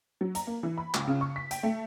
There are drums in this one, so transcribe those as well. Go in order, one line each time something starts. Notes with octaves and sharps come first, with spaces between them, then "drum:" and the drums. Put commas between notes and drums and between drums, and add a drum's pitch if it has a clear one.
F#3
A#5, drum: hi-hat
A#3
E3
B5
C#2, drum: clap
C#3
C#6
B6
G5, drum: hi-hat
A3